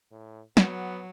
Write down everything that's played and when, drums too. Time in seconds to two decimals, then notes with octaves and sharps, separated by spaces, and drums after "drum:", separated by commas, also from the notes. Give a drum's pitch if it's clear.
0.12 A2
0.57 F#3 B3, drum: snare